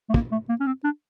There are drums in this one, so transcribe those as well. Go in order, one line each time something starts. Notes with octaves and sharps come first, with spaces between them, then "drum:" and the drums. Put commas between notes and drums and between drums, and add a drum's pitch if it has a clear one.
A3
A#3, drum: kick
A3
A#3
C#4
C4
D4